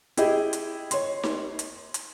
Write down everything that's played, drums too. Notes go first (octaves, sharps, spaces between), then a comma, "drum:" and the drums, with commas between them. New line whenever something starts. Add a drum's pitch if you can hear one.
E4 G4 G#4 D#5, drum: hi-hat
drum: hi-hat
C#5 C6, drum: hi-hat
drum: snare D#4
drum: hi-hat
drum: hi-hat